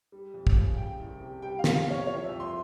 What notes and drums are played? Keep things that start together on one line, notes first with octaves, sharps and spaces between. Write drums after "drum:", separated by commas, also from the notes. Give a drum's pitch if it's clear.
G3
F2
drum: kick
C#3
G3 G5
C2
C3
G3 G5
F5
C2, drum: snare
F5
C3 C#5
F3 C#5
E5
F2
C6